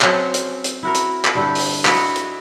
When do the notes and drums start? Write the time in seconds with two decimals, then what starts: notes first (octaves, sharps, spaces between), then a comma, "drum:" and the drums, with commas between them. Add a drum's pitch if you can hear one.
0.01 F#3 C4 C#4 G4, drum: clap
0.34 drum: hi-hat
0.64 drum: hi-hat
0.83 E4 F#4 A#4
0.94 drum: hi-hat
1.25 drum: clap
1.35 G2 D3 E4 G4
1.55 drum: open hi-hat
1.85 E4 F#4 D5 D#5, drum: clap
2.16 drum: hi-hat